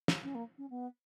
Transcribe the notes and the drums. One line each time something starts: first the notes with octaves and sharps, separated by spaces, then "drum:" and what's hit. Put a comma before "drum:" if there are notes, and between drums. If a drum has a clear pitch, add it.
drum: snare
C#4
A#3
C#4
B3